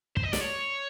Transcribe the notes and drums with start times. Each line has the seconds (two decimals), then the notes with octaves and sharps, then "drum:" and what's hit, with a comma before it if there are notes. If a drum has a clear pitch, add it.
0.17 C5, drum: kick
0.24 D#5
0.33 D5, drum: snare
0.41 C#5